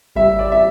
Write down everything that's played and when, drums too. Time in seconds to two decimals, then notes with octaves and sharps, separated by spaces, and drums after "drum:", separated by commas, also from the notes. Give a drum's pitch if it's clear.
0.16 G3 E5, drum: kick G#1
0.39 D5
0.52 E5